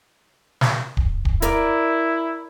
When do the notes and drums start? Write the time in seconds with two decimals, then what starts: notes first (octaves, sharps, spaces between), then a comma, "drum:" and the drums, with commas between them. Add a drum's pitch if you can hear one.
0.61 drum: snare
0.97 drum: kick
1.25 drum: kick
1.42 E4 A#4 D5, drum: hi-hat